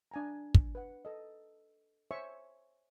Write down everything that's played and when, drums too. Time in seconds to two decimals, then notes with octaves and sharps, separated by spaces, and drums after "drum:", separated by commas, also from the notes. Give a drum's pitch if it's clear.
0.11 D4 G#5 A#5
0.54 drum: kick
0.75 B4 F#5
1.05 A4 D#5
2.11 C5 C#5 E5 G#5 C#6